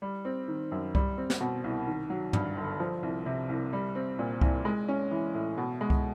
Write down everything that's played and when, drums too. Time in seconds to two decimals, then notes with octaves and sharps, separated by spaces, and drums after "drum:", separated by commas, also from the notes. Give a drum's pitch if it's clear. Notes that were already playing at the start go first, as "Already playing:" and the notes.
0.02 G3
0.25 C4
0.48 D#3
0.72 F#2
0.95 G3, drum: kick C2
1.18 C4
1.30 drum: snare
1.40 B2
1.64 C2
1.87 D#3
2.10 F#3
2.33 G2, drum: tom G#2
2.56 G1
2.80 F3
3.03 C2
3.26 C3
3.49 C2
3.73 G3
3.95 C4
4.19 A#2
4.41 C2, drum: kick C2
4.65 G#3
4.88 C#4
5.11 E3
5.34 A2
5.58 B2
5.81 G#3
5.90 drum: kick C2